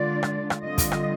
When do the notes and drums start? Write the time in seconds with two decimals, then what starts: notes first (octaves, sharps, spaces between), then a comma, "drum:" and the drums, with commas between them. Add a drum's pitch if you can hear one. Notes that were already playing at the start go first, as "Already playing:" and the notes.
Already playing: D3 G#3 D4 F4 D5
0.23 drum: rim click
0.50 drum: rim click
0.63 D3 G3 C4 F4 D#5
0.78 drum: kick, hi-hat
0.92 drum: rim click